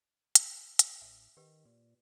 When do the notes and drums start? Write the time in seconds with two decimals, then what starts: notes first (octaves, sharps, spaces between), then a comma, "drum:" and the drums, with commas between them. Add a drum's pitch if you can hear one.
0.35 drum: hi-hat
0.79 drum: hi-hat
1.02 A1 E5
1.37 D#3 G4 B4
1.65 A#2